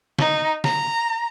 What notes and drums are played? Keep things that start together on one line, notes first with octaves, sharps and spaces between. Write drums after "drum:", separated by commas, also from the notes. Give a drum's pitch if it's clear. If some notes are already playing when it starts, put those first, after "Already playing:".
D#4, drum: snare
A#5, drum: snare